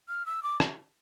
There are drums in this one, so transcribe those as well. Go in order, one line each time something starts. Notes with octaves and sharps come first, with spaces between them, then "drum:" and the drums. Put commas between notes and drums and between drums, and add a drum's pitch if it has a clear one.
F6
E6
D6
drum: rim click